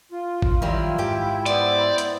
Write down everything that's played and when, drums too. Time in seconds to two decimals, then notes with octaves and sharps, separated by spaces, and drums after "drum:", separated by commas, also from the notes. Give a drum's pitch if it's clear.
0.12 F4
0.42 drum: kick A1
0.62 D#3 F#3 G3 E4
0.98 G#2 G4 G5
1.46 B3 C5 D5, drum: hi-hat
1.98 drum: hi-hat